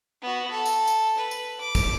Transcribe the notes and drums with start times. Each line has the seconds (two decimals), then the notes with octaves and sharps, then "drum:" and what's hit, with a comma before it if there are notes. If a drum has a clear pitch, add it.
0.22 B3 F#4
0.51 A4
0.66 drum: tambourine
0.87 drum: tambourine
1.18 B4
1.31 drum: tambourine
1.61 D6
1.75 drum: kick, tambourine